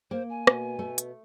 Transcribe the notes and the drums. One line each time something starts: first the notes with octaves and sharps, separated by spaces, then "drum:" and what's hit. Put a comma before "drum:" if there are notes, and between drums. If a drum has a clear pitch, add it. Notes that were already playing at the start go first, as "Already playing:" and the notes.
A#3 C5
G#5
B2, drum: rim click
A3
drum: hi-hat